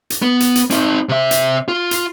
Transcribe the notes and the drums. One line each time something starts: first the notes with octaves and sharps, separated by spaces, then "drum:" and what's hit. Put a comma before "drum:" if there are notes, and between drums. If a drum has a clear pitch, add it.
drum: hi-hat
B3
drum: hi-hat
drum: hi-hat
C4 D#4, drum: hi-hat
C3 E5
drum: hi-hat
F4
drum: hi-hat